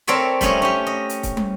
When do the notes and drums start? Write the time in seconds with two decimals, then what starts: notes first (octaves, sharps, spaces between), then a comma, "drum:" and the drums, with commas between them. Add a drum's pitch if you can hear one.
0.07 C4 A4 A#4 C#5 D5 E5
0.41 G3 A3 C#4 C#5 D#5, drum: kick, hi-hat
0.62 C#4 G4
0.87 D#5
1.09 drum: hi-hat
1.23 drum: kick, hi-hat
1.37 drum: tom